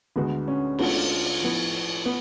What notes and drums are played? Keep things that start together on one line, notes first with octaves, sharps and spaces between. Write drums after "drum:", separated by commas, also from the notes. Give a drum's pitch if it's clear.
D2 D3 G#3 B3 F#4
C#4
D2 D3 G#3 B3 F4 F#4, drum: cymbal
A2 F3 B3
B3